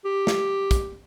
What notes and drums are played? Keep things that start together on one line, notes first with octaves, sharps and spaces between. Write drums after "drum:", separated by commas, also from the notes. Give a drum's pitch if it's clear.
G4
drum: snare
drum: kick, hi-hat